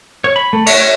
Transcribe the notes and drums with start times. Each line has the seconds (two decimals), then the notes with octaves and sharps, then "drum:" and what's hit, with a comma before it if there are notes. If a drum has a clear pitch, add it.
0.24 C#5
0.36 B5
0.53 A3
0.66 C#5, drum: cymbal
0.80 C#5